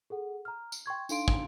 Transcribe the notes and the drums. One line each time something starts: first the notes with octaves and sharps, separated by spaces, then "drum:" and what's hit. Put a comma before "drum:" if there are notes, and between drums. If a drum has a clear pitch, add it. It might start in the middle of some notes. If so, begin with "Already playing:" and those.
G#4 A4 F#5
A#5 F6
drum: tambourine
G5 C6 C#6 G#6
D4 D#4 A4 F5 C6 D7, drum: tambourine
drum: kick